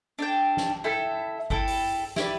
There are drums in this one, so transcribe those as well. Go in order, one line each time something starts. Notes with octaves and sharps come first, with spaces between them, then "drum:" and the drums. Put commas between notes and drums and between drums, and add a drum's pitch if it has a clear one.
D4 A4 G5
drum: snare
E4 A4 E5 G5
E4 A4 G5, drum: kick G1
drum: open hi-hat
E4 G4 B4 D5, drum: snare